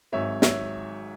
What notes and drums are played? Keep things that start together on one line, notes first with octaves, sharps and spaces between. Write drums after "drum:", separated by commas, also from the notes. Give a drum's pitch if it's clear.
G#1 G#2 F#3 C#5 E5
F#3 C#5 E5, drum: snare